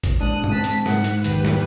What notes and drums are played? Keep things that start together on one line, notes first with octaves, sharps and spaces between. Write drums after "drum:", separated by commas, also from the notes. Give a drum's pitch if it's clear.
drum: kick, hi-hat
A#2 G#3 D4 D#6 F#6
drum: tom
C4 A5 B6
drum: hi-hat
G#2 F#5, drum: snare
drum: hi-hat
A#1 E2 D#3 G4 B4, drum: hi-hat
drum: snare